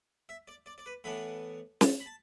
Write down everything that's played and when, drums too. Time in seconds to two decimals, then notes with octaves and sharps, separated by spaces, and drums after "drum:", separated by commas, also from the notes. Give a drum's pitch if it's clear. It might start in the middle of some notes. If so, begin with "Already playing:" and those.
0.29 E5
0.48 D5
0.66 D5
0.78 D5
0.86 B4
1.04 A2 E3 B3 D4 B5
1.81 A5, drum: snare
2.00 B5
2.06 A5